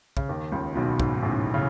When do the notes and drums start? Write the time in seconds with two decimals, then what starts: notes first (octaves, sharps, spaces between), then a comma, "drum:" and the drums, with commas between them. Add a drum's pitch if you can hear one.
0.17 C#3, drum: kick
0.29 D#2 D#3
0.52 C#2 C#3
0.75 B1 B2
1.00 G#2, drum: kick
1.22 A1 A2
1.54 C#3